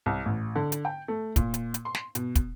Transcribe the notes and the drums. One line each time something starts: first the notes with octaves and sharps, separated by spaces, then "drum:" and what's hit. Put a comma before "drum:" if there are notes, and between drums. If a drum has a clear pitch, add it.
C2
A1
D3
drum: hi-hat
G5
A3
A#2, drum: kick, hi-hat
drum: hi-hat
drum: hi-hat
C6
drum: snare
B2, drum: hi-hat
drum: kick, hi-hat